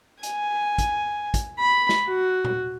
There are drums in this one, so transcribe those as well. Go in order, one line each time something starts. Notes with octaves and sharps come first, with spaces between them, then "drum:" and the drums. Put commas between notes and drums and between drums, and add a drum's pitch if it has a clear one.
G#5, drum: hi-hat
drum: kick, hi-hat
drum: kick, hi-hat
B5
drum: snare
F#4
drum: tom A#2